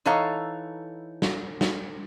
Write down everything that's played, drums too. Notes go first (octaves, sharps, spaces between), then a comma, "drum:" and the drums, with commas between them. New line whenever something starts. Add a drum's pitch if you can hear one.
E3 D#4 A4 C#5 F5 A#5
drum: snare
drum: snare